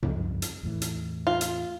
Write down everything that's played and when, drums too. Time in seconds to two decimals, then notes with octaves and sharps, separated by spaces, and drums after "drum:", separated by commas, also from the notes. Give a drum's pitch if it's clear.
0.03 C#2 G2 F3, drum: tom F#2
0.42 drum: hi-hat
0.63 E2 A2 E3
0.82 drum: hi-hat
1.27 F4
1.41 drum: hi-hat